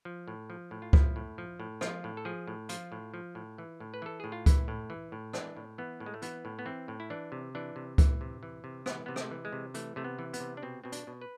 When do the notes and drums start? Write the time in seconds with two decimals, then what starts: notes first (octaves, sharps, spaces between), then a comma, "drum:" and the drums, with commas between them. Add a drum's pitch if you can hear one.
0.05 F3
0.28 A2
0.50 F3
0.71 A2
0.82 F4
0.93 F3 E4, drum: kick C#2
1.16 A2
1.38 F3
1.60 A2
1.81 F3 F4, drum: rim click
2.04 A2
2.17 A4
2.25 F3 G#4
2.47 A2
2.69 F3 F4, drum: hi-hat
2.92 A2
3.14 F3
3.35 A2
3.58 E3
3.80 A2
3.94 B4
4.02 E3 A4
4.20 A2 G#4
4.32 F4
4.46 E3 E4, drum: kick C#2, hi-hat
4.68 A2
4.90 E3
5.12 A2
5.33 E3 D4, drum: rim click
5.56 A2
5.78 E3 B3
6.00 A2
6.06 G#3
6.14 A3
6.22 E3 B3, drum: hi-hat
6.45 A2
6.59 B3
6.66 E3 C4
6.88 A2
7.00 E4
7.10 E3 D4
7.32 C3
7.55 E3 D4
7.76 C3
7.98 E3, drum: kick C#2, hi-hat
8.21 C3
8.43 E3
8.64 C3
8.86 E3 B3, drum: rim click
9.06 C3 B3
9.16 A3, drum: rim click
9.31 E3
9.45 G#3
9.53 C3
9.74 E3 A3, drum: hi-hat
9.96 C3 A3
10.04 B3
10.19 E3
10.34 B3, drum: hi-hat
10.40 C3
10.57 D4
10.63 B2 C4
10.84 B2 C4
10.92 D4, drum: hi-hat
11.07 B2
11.21 B4